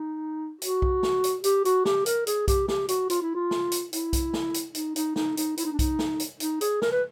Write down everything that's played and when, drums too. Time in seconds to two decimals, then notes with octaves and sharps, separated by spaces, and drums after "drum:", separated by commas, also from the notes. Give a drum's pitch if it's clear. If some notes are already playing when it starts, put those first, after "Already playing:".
Already playing: D#4
0.62 F#4, drum: hi-hat
0.82 drum: kick B1
1.03 drum: snare
1.24 drum: hi-hat
1.44 G4, drum: hi-hat
1.65 F#4, drum: hi-hat
1.85 G4, drum: snare
2.06 A#4, drum: hi-hat
2.27 G#4, drum: hi-hat
2.48 G4, drum: kick B1, hi-hat
2.68 G4, drum: snare
2.88 F#4, drum: hi-hat
3.10 F4, drum: hi-hat
3.22 E4
3.35 F4
3.51 drum: snare
3.72 drum: hi-hat
3.93 E4, drum: hi-hat
4.13 drum: kick B1, hi-hat
4.34 drum: snare
4.54 drum: hi-hat
4.75 D#4, drum: hi-hat
4.96 D#4, drum: hi-hat
5.16 D#4, drum: snare
5.37 D#4, drum: hi-hat
5.57 E4, drum: hi-hat
5.65 D#4
5.72 D4
5.79 D#4, drum: kick B1, hi-hat
5.99 drum: snare
6.19 drum: hi-hat
6.40 D#4, drum: hi-hat
6.61 G#4, drum: hi-hat
6.82 A#4, drum: snare
6.92 B4